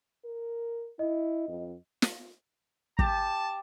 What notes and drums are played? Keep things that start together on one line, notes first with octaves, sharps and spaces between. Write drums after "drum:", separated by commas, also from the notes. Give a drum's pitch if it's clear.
A#4
E4 D#5
F2
drum: snare
G4 A5, drum: kick